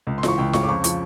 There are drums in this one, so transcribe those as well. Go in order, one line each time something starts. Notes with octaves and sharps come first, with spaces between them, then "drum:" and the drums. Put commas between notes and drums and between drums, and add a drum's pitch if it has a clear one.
C#2
C6
E3 C#6, drum: snare F4
C#2 G5
C#3 C#6, drum: snare F4
D6
F2 C#6
F3 C#6, drum: hi-hat